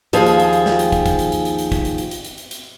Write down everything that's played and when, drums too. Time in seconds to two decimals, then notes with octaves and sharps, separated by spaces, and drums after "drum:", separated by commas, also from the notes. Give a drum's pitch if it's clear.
0.13 D#2 F3 G#4, drum: hi-hat
0.26 drum: hi-hat
0.40 drum: hi-hat
0.53 drum: hi-hat
0.66 drum: snare
0.79 drum: hi-hat
0.92 drum: kick, hi-hat
1.06 drum: kick, hi-hat
1.19 drum: hi-hat
1.32 drum: hi-hat
1.45 drum: hi-hat
1.58 drum: hi-hat
1.72 drum: kick, hi-hat
1.85 drum: hi-hat
1.98 drum: hi-hat
2.11 drum: hi-hat
2.25 drum: hi-hat
2.38 drum: hi-hat
2.51 drum: hi-hat